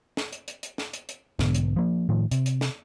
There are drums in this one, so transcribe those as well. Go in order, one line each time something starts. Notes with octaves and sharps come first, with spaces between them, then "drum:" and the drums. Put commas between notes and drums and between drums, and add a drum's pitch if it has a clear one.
drum: snare
drum: hi-hat
drum: hi-hat
drum: hi-hat
drum: snare
drum: hi-hat
drum: hi-hat
B1 G#2 D3 B3, drum: snare
drum: hi-hat
F3 A#3
A2 D#3 F3
C3, drum: hi-hat
drum: hi-hat
drum: snare